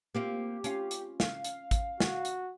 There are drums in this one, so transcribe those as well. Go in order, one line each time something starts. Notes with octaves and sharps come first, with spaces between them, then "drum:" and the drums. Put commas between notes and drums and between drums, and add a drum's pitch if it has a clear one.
A#3 C4 F4 G4
C#4 F4, drum: hi-hat
drum: hi-hat
F5, drum: snare
drum: hi-hat
drum: kick, hi-hat
F#4, drum: snare
drum: hi-hat